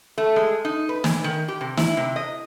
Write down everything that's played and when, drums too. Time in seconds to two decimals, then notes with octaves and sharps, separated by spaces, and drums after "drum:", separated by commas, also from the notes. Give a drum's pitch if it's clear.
0.18 A3
0.36 G#3
0.65 D#4
0.89 B4
1.04 A#2, drum: snare
1.24 D#3
1.48 G4
1.61 C3
1.77 E4, drum: snare
1.97 C3
2.16 D#5